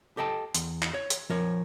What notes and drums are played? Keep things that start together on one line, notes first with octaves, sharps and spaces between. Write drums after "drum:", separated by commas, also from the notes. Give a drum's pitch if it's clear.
G4 A4 D#5 G5 A5
E2, drum: hi-hat
drum: clap
C#5
drum: hi-hat
F3 A#4 C#5